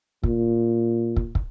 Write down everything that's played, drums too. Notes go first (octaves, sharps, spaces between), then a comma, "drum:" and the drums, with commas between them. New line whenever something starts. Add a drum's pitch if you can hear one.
A#2, drum: kick
drum: kick
drum: kick